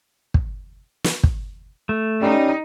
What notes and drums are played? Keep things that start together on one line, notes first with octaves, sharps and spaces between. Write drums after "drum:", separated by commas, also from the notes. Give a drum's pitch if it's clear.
drum: kick
drum: snare
drum: kick
A3
G3 C#4 D#4